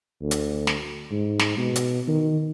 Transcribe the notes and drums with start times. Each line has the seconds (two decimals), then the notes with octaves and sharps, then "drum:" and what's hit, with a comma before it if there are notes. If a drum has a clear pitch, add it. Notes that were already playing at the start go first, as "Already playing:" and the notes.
0.22 D2
0.31 drum: hi-hat
0.67 drum: snare
1.11 G#2
1.39 drum: snare
1.57 B2
1.76 drum: hi-hat
2.08 D#3